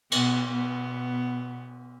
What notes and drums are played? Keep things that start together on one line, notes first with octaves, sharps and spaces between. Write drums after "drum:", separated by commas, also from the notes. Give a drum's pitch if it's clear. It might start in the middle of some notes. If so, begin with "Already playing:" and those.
B2 B3, drum: cymbal
B2 B3